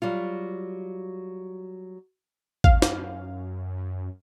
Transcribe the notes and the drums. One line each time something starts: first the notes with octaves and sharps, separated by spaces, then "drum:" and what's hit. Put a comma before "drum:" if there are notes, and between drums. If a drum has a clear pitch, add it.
F#3 G3 F4
F#2 F5, drum: kick
drum: snare